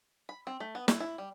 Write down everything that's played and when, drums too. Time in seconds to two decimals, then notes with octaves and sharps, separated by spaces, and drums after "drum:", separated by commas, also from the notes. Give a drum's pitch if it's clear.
0.29 B5
0.47 C4
0.60 A3
0.75 B3
0.88 E4, drum: snare
1.00 E4
1.18 G3